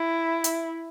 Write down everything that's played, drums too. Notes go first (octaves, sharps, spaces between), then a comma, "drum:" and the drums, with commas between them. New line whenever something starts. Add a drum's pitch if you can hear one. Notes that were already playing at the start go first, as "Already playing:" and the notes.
Already playing: E4
drum: hi-hat